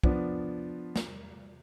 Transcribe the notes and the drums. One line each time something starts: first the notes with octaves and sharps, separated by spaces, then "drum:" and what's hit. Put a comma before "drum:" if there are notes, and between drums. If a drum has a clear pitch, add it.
F3 B3 D4, drum: kick
drum: snare